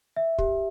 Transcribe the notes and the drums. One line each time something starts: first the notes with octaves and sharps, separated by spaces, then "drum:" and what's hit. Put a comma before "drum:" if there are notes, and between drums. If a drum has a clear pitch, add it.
E5
G4, drum: kick